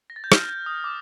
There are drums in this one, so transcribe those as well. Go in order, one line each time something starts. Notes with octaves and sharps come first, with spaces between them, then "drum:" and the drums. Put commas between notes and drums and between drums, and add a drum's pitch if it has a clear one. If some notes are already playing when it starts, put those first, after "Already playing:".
A#6
A6
G6
F6, drum: rim click
G6
D#6
D6